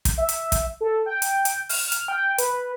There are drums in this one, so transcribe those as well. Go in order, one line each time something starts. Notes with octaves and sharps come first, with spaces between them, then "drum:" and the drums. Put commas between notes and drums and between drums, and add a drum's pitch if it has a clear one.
drum: kick, hi-hat
E5
drum: hi-hat
drum: kick, hi-hat
A4
G5
drum: hi-hat
drum: hi-hat
F6, drum: open hi-hat
drum: hi-hat
G5
B4, drum: hi-hat